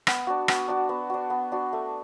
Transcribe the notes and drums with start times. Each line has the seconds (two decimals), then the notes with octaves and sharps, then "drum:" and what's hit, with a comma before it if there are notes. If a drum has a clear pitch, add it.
0.07 B3, drum: rim click
0.27 D4 F#4
0.48 B3, drum: rim click
0.68 D4 F#4
0.89 B3
1.10 D4 F#4
1.30 B3
1.52 D4 F#4
1.73 A3